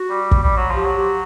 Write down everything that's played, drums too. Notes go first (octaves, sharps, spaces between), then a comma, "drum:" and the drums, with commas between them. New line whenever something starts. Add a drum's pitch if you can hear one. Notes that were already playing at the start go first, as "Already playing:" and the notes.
Already playing: F#4
G3
drum: kick
G3
F#3
F3 G4
F#3
G4